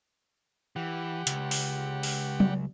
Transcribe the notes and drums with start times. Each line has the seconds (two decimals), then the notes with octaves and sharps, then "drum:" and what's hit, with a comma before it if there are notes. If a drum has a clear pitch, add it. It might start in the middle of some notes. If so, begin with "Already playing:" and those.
0.76 E3 G4 F#5
1.27 C#2, drum: hi-hat
1.51 drum: open hi-hat
2.03 drum: open hi-hat
2.40 drum: tom F#3